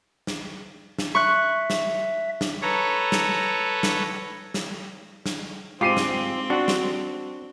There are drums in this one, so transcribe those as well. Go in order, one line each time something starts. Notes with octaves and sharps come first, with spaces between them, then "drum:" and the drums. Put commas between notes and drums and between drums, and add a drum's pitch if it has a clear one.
drum: snare
drum: snare
E5 C#6 F#6
drum: snare
drum: snare
A4 B4 C#5 A#5
drum: snare
drum: snare
drum: snare
drum: snare
G#2 C4 F4 G4 D6 C7 D#7
drum: snare
D4 F#4 F#5
drum: snare